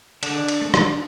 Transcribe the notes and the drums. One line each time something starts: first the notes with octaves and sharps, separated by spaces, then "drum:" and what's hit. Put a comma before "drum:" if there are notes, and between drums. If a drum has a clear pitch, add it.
D3 D4, drum: cymbal
drum: cymbal
A3 C4
drum: rim click